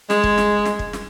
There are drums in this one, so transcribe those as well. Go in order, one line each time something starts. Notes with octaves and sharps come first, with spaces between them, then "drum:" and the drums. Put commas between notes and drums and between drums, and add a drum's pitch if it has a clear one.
G#3, drum: snare
drum: kick
drum: snare
drum: snare
drum: kick
drum: snare